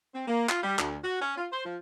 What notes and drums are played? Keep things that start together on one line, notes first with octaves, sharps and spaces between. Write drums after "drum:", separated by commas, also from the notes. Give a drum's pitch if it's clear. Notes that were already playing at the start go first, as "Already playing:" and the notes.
C4
A#3
F4, drum: clap
G3
D2, drum: clap
F#4
C#4
F4
C5
F3